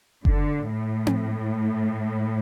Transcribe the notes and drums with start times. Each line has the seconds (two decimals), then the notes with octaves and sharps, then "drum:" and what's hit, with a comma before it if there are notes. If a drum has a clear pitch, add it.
0.25 D3, drum: kick F#1
0.70 A2
1.07 drum: tom C4